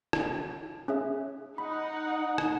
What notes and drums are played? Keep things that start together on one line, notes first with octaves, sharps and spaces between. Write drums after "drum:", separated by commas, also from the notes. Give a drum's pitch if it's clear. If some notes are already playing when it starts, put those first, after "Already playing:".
drum: rim click
C#4 G#4 E5
D#4 F#5 B5
drum: rim click